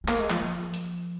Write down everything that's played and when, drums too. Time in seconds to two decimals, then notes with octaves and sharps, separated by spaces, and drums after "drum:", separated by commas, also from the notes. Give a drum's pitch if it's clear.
0.04 G#3
0.08 A#3, drum: clap
0.19 G#3
0.30 F3, drum: clap
0.41 F3
0.74 drum: hi-hat